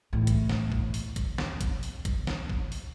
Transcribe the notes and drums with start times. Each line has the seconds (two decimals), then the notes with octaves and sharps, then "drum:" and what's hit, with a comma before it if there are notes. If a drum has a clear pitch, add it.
0.13 E2 A2
0.27 drum: kick, hi-hat
0.49 drum: snare
0.72 drum: kick
0.94 drum: open hi-hat
1.16 drum: kick, hi-hat
1.38 F2, drum: snare
1.61 drum: kick, hi-hat
1.83 drum: open hi-hat
2.05 drum: kick, hi-hat
2.27 drum: snare
2.50 drum: kick
2.72 drum: open hi-hat